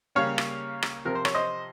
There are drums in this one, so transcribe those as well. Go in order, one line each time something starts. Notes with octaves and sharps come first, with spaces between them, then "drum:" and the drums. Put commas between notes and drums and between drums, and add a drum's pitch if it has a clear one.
C#3 G3 A#3 C#4 C#5 F5
drum: rim click
drum: rim click
C3 F3 C4 A#4
C5
C#5, drum: rim click
C5 D#5